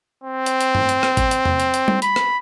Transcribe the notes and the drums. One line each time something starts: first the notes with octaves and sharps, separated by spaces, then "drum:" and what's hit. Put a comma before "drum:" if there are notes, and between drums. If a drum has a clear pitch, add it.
C4
drum: hi-hat
drum: hi-hat
drum: tom G2
drum: hi-hat
drum: rim click
drum: kick G#1, hi-hat
drum: hi-hat
drum: tom E2
drum: hi-hat
drum: hi-hat
drum: tom
B5, drum: hi-hat
drum: rim click